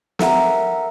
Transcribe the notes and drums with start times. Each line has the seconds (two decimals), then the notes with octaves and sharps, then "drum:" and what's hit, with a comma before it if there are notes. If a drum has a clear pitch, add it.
0.19 A4 A#4 E5 F#5 A#5, drum: snare